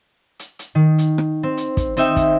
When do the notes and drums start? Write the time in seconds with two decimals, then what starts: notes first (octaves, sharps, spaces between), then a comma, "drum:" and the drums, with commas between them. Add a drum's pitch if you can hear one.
0.39 drum: hi-hat
0.59 drum: hi-hat
0.75 D#3
0.98 drum: hi-hat
1.18 drum: rim click
1.43 C4
1.57 drum: hi-hat
1.77 drum: kick, hi-hat
1.97 C4 D#4 E5 G5, drum: hi-hat
2.16 drum: kick, hi-hat